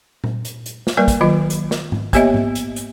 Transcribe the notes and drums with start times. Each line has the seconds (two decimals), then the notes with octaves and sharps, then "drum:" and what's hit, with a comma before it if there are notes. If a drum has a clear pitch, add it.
0.24 drum: tom A#2
0.45 drum: hi-hat
0.66 drum: hi-hat
0.87 drum: snare
0.97 G3 A#3 A#4 B4 D5
1.08 drum: kick, hi-hat
1.21 D#3 F#3 F4 D#5
1.50 drum: hi-hat
1.71 drum: snare
1.92 drum: tom G#2
2.13 A#3 B3 G4 C#5 D#5 E5, drum: kick, hi-hat
2.34 drum: tom G#2
2.55 drum: hi-hat
2.76 drum: hi-hat